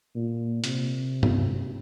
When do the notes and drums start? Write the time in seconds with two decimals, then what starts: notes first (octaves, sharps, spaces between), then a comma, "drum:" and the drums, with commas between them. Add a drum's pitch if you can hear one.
0.16 A#2
0.64 C3, drum: hi-hat
1.23 drum: tom G2